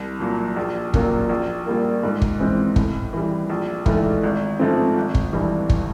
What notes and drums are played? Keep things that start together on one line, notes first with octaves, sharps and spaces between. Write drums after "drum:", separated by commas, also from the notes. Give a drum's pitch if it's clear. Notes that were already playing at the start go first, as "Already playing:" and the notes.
Already playing: C2
A#2 F#3
A#1
A#2 F#3 A#3 C#4, drum: kick
A#1
A#2 G3 A#3
G#2
drum: kick
E3 G#3 C4
A2, drum: kick
E3 G3
A#1
G#2 E3 A3, drum: kick
G#1
G#2 F3 A3 C4
G#1
drum: kick
G2 E3 G3
drum: kick